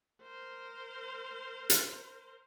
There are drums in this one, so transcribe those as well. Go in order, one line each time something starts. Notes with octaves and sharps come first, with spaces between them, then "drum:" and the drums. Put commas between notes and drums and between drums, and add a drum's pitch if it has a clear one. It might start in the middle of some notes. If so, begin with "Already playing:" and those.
A#4 C5
drum: hi-hat